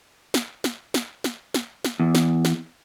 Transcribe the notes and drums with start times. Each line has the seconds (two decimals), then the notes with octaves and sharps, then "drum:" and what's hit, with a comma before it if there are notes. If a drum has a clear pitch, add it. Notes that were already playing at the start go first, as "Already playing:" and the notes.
0.34 drum: snare
0.64 drum: snare
0.94 drum: snare
1.24 drum: snare
1.54 drum: snare
1.85 drum: snare
2.00 E2
2.15 drum: snare
2.45 drum: snare